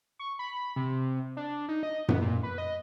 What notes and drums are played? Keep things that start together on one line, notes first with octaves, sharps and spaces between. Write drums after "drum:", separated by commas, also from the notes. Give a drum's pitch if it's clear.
C#6
B5
C3
D4
D#4
D#5
B3, drum: tom F#2
A#2
B4
D#5